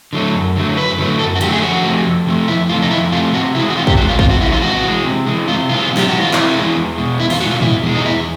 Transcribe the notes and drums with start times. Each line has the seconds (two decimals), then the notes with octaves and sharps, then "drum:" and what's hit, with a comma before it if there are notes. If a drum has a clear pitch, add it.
0.13 D3 F#3 A3
0.35 F#2
0.56 D3 F#3 A3
0.77 F#2 B4
0.98 D3 F#3 A3
1.19 F#2 A4
1.36 F#4
1.41 D3 F#3 A3 G4, drum: hi-hat
1.52 G#4
1.63 F2 F#4
1.84 C3 F3 A3
2.05 F2
2.26 C3 F3 A3
2.48 F2 E4
2.69 C3 F3 A3 F4
2.83 D#4
2.91 F2 E4
3.12 C3 F3 A3 F4
3.34 C3 F#4
3.55 E3 G#3 E4
3.70 F#4
3.76 C3 F4
3.87 G4, drum: kick
3.97 E3 G#3 F#4
4.09 F4
4.19 C3 F4, drum: kick
4.30 F#4
4.41 E3 G#3 E4
4.52 F4
4.62 C3 F#4
4.84 E3 G#3
5.04 C3
5.26 E3 G#3
5.47 C3 F4
5.69 E3 G#3 F4
5.91 C3
5.97 G4, drum: snare
6.08 E3 G#3 F#4
6.22 F4
6.33 C3 E4, drum: clap
6.55 E3 G#3
6.76 E2
6.98 B2 G#3
7.19 E2 E4
7.30 F4, drum: open hi-hat
7.40 B2 G#3 F#4
7.51 F4
7.61 E2 E4, drum: tom G#2
7.84 B2 G#3
7.95 D#4
8.05 E2 E4